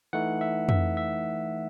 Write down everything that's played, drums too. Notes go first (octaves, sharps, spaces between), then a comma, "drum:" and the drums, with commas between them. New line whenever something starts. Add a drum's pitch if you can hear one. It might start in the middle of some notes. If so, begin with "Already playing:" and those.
E3 A3 D#4 F#5
E5
E5, drum: tom F2
E5